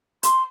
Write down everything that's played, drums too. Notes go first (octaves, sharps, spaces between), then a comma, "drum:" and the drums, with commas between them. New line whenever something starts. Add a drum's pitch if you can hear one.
C6, drum: hi-hat